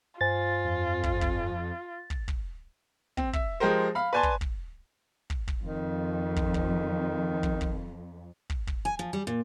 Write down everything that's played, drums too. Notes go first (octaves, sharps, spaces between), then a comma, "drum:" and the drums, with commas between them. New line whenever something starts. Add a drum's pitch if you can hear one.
G2 F4 C5 G#5 A6
F2
drum: kick
drum: kick
drum: kick
drum: kick
C4, drum: kick
E5, drum: kick
F3 G#3 G4 A#4 C5
F5 B5
B4 D5 G#5 A5 C6
drum: kick
drum: kick
drum: kick
drum: kick
F2 D#3
drum: kick
drum: kick
drum: kick
drum: kick
drum: kick
drum: kick
G#5
F3
G3
A#2